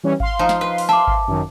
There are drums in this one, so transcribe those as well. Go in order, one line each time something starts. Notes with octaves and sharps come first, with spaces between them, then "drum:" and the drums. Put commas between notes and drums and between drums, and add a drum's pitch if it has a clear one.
E3 G3 C#4
F5 C6, drum: kick G#1
F3 D#4
drum: snare
B4
drum: open hi-hat
E5 A5 D6
drum: kick G#1
F#2 D#3